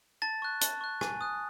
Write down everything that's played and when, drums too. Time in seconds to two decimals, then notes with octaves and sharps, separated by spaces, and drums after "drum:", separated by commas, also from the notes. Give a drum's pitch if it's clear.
0.22 A5 A6
0.42 C#6 F#6
0.61 A5, drum: hi-hat
0.81 C#6 F#6
1.01 G#5, drum: rim click
1.21 D#6 F#6